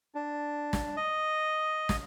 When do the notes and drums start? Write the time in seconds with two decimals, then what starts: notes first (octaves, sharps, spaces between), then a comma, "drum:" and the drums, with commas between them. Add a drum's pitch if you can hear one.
0.15 D4
0.73 drum: snare
0.97 D#5
1.89 drum: snare